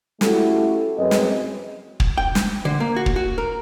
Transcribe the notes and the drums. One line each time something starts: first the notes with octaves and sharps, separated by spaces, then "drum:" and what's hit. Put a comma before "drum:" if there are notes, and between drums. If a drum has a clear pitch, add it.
A3 C#4 E4 F#4 G4 A4, drum: snare
F#2 C4 G#4 B4 D#5
drum: snare
drum: kick
G5
drum: snare
D3
A#3
F#4
drum: kick
F#4
A#4